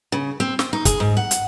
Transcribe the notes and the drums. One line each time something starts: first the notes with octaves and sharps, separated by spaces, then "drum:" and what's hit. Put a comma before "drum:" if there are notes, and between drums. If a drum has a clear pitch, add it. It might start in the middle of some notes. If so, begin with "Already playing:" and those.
C#3
C4
C4, drum: snare
D#4
G#4, drum: kick, hi-hat
G#2
F#5
drum: hi-hat